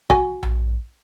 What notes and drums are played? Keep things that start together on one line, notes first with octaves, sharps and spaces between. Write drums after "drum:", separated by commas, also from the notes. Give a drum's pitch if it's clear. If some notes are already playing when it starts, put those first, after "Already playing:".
F#4 G#5, drum: kick
drum: tom A#1